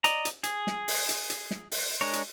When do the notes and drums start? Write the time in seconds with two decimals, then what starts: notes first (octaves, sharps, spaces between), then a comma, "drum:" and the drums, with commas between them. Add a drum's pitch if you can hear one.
0.04 D5 D#5 A#5, drum: hi-hat
0.25 drum: hi-hat
0.43 G#4, drum: hi-hat
0.67 drum: snare
0.88 drum: open hi-hat
1.09 drum: hi-hat
1.30 drum: hi-hat
1.51 drum: snare
1.72 drum: open hi-hat
2.01 G#3 D4 A#4 C#5
2.13 drum: hi-hat